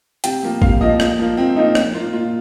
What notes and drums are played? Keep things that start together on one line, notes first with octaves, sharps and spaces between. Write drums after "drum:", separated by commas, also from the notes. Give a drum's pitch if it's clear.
C3 G5, drum: hi-hat
F3 A#3
C3 F5, drum: kick
F3 A#3 D#5
A#2, drum: rim click
F3 A#3
A#2 C4
F3 A#3 D#4
A#2, drum: rim click
A#3 F4
A#2 F4